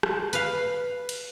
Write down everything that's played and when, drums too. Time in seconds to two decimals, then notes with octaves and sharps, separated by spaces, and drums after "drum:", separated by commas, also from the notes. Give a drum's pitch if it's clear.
0.03 drum: rim click
0.33 B4 F5, drum: hi-hat
1.09 drum: cymbal